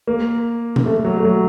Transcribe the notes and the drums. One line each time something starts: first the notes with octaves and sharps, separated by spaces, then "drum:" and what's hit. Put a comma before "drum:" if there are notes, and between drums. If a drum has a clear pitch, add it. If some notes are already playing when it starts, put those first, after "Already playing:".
A#3
drum: tom B2
A3
F#3
A3
F#3